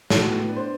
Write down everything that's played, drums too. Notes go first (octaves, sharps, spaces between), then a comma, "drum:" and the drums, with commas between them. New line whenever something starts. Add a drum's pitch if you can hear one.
A2 F#4 A4, drum: snare
B3
D4 B4
C5